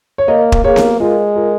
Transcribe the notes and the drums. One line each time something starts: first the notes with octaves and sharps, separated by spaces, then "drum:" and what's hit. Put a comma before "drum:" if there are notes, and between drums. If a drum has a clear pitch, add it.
C#5
A#3 A#4 D#5
drum: kick
A#3 G#4 C#5
drum: snare B3
G#3 F4 A#4
F4 A#4